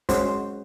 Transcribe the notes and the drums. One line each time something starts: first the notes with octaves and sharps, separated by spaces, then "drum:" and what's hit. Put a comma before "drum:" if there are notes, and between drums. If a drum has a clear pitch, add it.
G#3 C#4 F#4 C5, drum: kick, hi-hat